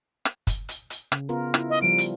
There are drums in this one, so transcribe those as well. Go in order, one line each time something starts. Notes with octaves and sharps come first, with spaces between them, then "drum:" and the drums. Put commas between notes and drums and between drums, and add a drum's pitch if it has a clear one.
drum: rim click
drum: kick F#1, hi-hat
drum: hi-hat
drum: hi-hat
C#3, drum: rim click
B3 F4 A#4
E4, drum: rim click
D#5
F3 G3 D7
drum: hi-hat